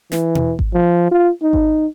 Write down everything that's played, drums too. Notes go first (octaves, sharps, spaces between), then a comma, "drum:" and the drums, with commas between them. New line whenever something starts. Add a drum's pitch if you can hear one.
E3, drum: snare
drum: tom B2
drum: kick G#1
F3
F4
D#4
drum: kick G#1